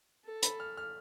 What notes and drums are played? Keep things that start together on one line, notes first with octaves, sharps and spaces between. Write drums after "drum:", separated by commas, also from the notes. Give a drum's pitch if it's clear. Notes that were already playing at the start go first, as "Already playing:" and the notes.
A4
B5, drum: hi-hat
F6
F6